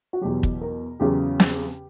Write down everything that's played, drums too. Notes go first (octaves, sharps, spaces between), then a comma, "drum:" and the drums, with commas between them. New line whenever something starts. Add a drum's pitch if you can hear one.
F#4
E2 B2 F#3 G4
drum: kick
A#4
E2 C#3 F#3 G4
drum: snare